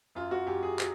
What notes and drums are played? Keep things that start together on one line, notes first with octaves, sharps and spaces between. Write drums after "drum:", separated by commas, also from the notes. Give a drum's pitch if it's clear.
F#2 F4
F#4
F#2 G4
G#4
F#3, drum: clap